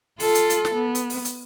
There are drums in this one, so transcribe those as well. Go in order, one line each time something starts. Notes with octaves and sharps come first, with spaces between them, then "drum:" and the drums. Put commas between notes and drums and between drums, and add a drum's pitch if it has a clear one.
F4 A4, drum: open hi-hat
drum: hi-hat
drum: hi-hat
drum: snare
B3
drum: hi-hat
drum: open hi-hat
drum: hi-hat